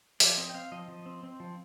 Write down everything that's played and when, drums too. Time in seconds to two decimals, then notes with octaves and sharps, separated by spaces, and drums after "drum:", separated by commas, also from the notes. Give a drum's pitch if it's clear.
0.20 F3 D5, drum: open hi-hat
0.38 C4 D#5
0.49 G5
0.54 C4 F5
0.72 F3 D#5
0.88 F3
1.06 C4
1.23 C4
1.40 F3